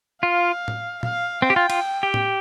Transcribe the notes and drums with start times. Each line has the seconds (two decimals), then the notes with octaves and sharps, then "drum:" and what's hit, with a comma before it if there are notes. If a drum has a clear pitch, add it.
0.23 F4 F5
0.68 drum: tom
1.03 F5, drum: tom
1.42 C4 G5
1.50 G4
1.56 F4
1.70 F4, drum: cymbal
2.03 G4
2.14 drum: tom